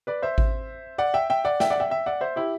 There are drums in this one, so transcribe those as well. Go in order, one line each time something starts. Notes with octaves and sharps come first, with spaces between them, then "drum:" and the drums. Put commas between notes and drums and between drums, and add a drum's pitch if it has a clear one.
B4 D5
C5 E5
drum: kick G#1
D5 F#5
E5 G5
E5 G5
D5 F#5
E5 G5, drum: snare
D5 F#5
E5 G5
E5 G5
D5 F#5
C5 E5
E4 G4